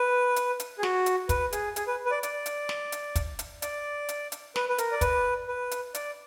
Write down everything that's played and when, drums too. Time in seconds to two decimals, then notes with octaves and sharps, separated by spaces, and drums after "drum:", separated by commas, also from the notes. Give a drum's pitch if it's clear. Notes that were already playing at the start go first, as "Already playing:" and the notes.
Already playing: B4
0.36 drum: hi-hat
0.60 drum: hi-hat
0.78 G#4
0.83 F#4, drum: snare
1.06 drum: hi-hat
1.29 B4, drum: kick, hi-hat
1.53 G#4, drum: hi-hat
1.76 G#4, drum: hi-hat
1.87 B4
2.06 B4
2.11 D5
2.23 D5, drum: hi-hat
2.46 drum: hi-hat
2.69 drum: snare
2.92 drum: hi-hat
3.15 drum: kick, hi-hat
3.39 drum: hi-hat
3.62 D5, drum: hi-hat
4.09 drum: hi-hat
4.32 drum: hi-hat
4.56 B4, drum: snare
4.69 B4
4.78 A#4, drum: hi-hat
4.92 D5
5.01 B4, drum: kick, hi-hat
5.48 B4
5.71 drum: hi-hat
5.94 D5, drum: hi-hat